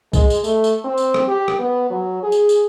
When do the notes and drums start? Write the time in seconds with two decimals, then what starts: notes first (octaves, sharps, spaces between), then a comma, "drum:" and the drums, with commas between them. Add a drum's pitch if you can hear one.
0.13 G#3, drum: kick, tambourine
0.30 drum: tambourine
0.44 A3, drum: tambourine
0.64 drum: tambourine
0.84 C4
0.98 drum: tambourine
1.14 drum: rim click
1.28 G4
1.48 drum: rim click
1.59 B3
1.91 F#3
2.23 G#4
2.32 drum: tambourine
2.49 drum: tambourine